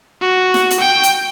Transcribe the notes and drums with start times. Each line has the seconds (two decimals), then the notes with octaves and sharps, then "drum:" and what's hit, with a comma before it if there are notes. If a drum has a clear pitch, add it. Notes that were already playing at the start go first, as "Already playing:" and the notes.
0.21 F#4
0.54 drum: snare
0.71 drum: hi-hat
0.80 G5
1.03 drum: hi-hat